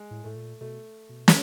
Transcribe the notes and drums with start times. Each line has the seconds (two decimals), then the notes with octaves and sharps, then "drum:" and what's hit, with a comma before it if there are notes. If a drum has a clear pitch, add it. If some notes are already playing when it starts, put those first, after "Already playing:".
Already playing: G#3
0.11 A2
0.24 A2 A3
0.36 A#2
0.61 B2 A3
1.09 B2
1.28 A#3, drum: snare